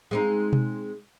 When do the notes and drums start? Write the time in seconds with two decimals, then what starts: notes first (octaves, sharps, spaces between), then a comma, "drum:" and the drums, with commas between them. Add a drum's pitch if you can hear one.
0.11 G#3 C4 D#4
0.53 drum: tom B2